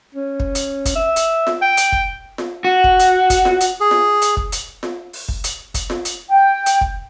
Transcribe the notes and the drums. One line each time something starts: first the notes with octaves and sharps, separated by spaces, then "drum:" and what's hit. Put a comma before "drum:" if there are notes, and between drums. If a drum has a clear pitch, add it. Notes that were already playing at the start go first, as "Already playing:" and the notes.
C#4
drum: kick
drum: hi-hat
drum: kick, hi-hat
E5
drum: hi-hat
drum: snare F4
G5
drum: hi-hat
drum: kick
drum: snare F4
F#4
drum: kick
drum: hi-hat
drum: kick, hi-hat
drum: snare F4
drum: hi-hat
G#4
drum: snare F4
drum: hi-hat
drum: kick
drum: hi-hat
drum: snare F4
drum: open hi-hat
drum: kick
drum: hi-hat
drum: kick, hi-hat
drum: snare F4
drum: hi-hat
G5
drum: hi-hat
drum: kick